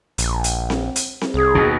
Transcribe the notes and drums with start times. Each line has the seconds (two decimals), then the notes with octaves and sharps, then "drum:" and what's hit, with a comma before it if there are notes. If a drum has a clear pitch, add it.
0.18 A#1, drum: hi-hat
0.44 drum: hi-hat
0.70 drum: snare C4
0.96 drum: hi-hat
1.21 drum: snare C4
1.34 C2 G#4
1.55 D#2 B2